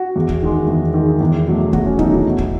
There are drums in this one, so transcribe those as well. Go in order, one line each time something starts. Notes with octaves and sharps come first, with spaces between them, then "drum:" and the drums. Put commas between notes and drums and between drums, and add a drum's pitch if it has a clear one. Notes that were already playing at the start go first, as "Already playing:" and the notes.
Already playing: F#4
E2
drum: kick
D#3 G#3
E2
D#3 G#3
E2 E4
B2 F#3 A3
E2 F#4, drum: kick
C#4
B2 F#3 A3 D#4, drum: kick
E4
B2
drum: kick